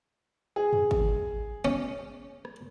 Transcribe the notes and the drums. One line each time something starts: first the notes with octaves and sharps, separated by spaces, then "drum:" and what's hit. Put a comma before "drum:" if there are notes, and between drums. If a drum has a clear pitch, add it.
G#4
drum: tom F2
drum: kick G#1
C#4
drum: rim click